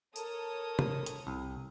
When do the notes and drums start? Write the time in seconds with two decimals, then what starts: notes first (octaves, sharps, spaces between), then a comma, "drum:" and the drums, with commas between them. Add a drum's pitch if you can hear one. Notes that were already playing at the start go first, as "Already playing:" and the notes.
0.16 A4 A#4 C#5 D#6, drum: tambourine
0.79 drum: tom C3
1.06 drum: hi-hat
1.27 C2